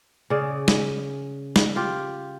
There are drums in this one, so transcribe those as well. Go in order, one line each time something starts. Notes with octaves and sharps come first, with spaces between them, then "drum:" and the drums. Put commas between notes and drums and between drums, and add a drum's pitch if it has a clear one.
C#3 G#4 D5
drum: snare
drum: snare
F4 G4